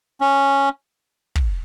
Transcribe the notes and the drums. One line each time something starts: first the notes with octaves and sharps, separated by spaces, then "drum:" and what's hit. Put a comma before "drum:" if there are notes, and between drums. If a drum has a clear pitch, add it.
C#4
drum: kick